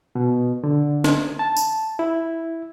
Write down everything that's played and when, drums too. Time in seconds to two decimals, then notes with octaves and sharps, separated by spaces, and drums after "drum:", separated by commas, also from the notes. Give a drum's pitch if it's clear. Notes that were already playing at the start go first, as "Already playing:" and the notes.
0.15 B2
0.64 D3
1.04 drum: snare
1.39 A5
1.57 drum: tambourine
1.99 E4